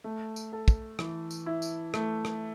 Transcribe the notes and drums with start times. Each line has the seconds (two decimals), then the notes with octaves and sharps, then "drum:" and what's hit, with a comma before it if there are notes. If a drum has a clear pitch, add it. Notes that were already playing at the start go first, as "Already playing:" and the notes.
0.04 A3
0.36 drum: tambourine
0.52 A4
0.68 drum: kick, tambourine
0.99 E3, drum: rim click
1.31 drum: tambourine
1.46 E4
1.62 drum: tambourine
1.94 A3, drum: rim click
2.25 drum: rim click